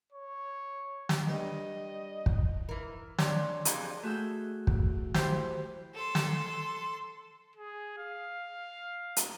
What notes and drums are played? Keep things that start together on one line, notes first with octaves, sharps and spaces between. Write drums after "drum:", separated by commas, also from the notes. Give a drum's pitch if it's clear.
C#5
drum: snare
G2 G3 D#5
drum: kick
E3 A#4
C4 D4 C#5, drum: snare
F2 G3 G#3 D4 C5, drum: hi-hat
A3 F#4 G#4 E6 G6
drum: kick
E4 G4 C5 G5, drum: snare
A4 C6
drum: snare
G#4
F5
drum: hi-hat